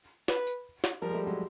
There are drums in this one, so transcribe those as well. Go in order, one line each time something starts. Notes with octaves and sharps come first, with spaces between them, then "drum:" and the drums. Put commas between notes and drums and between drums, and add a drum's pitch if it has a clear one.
B4, drum: snare
drum: tambourine
drum: snare
F3 G3 A#4
G#3
G3 A3
F#3 G#3